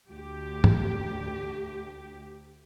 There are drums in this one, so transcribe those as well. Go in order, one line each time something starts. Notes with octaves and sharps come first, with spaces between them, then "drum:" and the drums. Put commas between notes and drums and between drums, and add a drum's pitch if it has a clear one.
D2 G4
drum: tom G#2